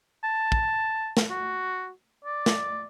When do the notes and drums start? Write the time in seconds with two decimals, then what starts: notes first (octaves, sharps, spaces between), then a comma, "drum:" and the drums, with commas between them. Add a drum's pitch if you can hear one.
0.24 A5
0.52 drum: kick
1.17 drum: snare
1.30 F#4
2.25 D5
2.46 drum: snare